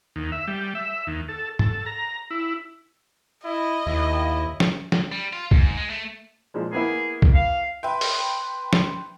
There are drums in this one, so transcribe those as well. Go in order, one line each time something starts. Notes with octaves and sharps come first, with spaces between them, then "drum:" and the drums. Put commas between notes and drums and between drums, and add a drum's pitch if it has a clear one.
D#2
E5
G3
E5
D#2
A4
A4, drum: tom
A#5
E4
E4 D#5
D#2 E4
drum: snare
drum: snare
G3
F4
G#2, drum: kick C2
G#3
A3
A#2 F3 G#3
A#3 B3 E4 G#4
drum: kick C2
F5
B4 E5 G5 C6
drum: open hi-hat
drum: snare